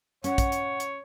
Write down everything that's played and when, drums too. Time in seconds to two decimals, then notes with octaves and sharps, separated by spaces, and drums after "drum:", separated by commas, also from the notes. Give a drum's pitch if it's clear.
0.24 C#4 C#5 F#5, drum: hi-hat
0.38 drum: kick, hi-hat
0.52 drum: hi-hat
0.80 drum: hi-hat